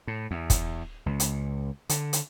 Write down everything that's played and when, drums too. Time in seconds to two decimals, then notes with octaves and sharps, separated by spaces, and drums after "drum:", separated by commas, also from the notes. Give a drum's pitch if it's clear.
0.07 A2
0.31 E2
0.50 drum: kick, hi-hat
1.06 C#2
1.20 drum: hi-hat
1.89 D3, drum: hi-hat
2.13 drum: hi-hat